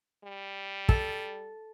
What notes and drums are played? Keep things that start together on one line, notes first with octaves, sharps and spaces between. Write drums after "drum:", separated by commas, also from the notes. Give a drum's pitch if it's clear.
G3
A4, drum: kick